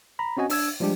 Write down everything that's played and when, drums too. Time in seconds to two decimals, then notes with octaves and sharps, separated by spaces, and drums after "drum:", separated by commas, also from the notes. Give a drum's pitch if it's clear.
0.19 A#5 B5
0.37 C4 C#4 F#4 D#5 G#5
0.50 D4 E6 G#6, drum: open hi-hat
0.80 F3 G3 G#3 D4 G4